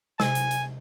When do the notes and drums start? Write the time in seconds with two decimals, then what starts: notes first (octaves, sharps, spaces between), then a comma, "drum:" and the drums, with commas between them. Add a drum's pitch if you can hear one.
0.20 C3 G#5, drum: snare
0.35 drum: hi-hat
0.51 drum: hi-hat